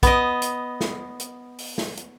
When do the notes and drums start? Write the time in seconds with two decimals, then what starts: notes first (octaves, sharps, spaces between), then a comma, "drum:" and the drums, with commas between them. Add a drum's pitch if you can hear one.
0.03 B3 D#5, drum: kick, hi-hat
0.42 drum: hi-hat
0.81 drum: snare
1.20 drum: hi-hat
1.58 drum: open hi-hat
1.78 drum: snare
1.97 drum: hi-hat